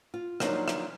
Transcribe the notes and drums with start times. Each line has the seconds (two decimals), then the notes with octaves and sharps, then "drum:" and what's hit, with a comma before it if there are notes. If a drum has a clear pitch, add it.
0.14 F4
0.40 F3 F#3 A#3 C4 D4 D#4, drum: rim click
0.68 drum: rim click